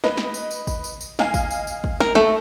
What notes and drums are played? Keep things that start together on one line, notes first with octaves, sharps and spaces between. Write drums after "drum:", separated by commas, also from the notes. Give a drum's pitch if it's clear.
B4 D#5, drum: snare
drum: snare
drum: tambourine
drum: tambourine
drum: kick, tambourine
drum: tambourine
drum: tambourine
D#5 F5 G#5, drum: snare
drum: kick, tambourine
drum: tambourine
drum: tambourine
drum: kick
A#4, drum: snare
A3 A4, drum: snare